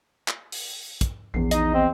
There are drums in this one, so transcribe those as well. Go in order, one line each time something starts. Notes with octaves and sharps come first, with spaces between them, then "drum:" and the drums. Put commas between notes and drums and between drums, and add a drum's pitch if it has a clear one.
drum: clap
drum: open hi-hat
drum: kick, hi-hat
A#1 E2 C7
D#4 D#5, drum: hi-hat
C4